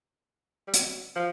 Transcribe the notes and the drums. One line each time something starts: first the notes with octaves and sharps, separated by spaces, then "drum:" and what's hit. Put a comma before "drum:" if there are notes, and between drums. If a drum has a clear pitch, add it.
G3
F#3, drum: hi-hat
F3